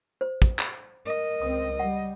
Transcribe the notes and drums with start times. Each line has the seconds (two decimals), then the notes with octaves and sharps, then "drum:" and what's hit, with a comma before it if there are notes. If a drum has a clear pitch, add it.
0.21 C5
0.42 drum: kick
0.59 drum: clap
1.06 A#4 D#5
1.42 C#2 C4 D#6
1.80 G3 F#5